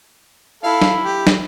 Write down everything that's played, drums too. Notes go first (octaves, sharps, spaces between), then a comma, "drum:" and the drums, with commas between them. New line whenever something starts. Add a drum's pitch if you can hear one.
E4 A4 F5
drum: snare
G4
drum: snare